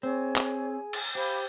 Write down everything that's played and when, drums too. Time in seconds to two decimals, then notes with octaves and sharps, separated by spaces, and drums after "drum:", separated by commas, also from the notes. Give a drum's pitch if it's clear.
0.03 C4 G#4 C#5 G#5
0.36 drum: clap
0.93 drum: cymbal
1.15 G4 C5 F5 B5 D6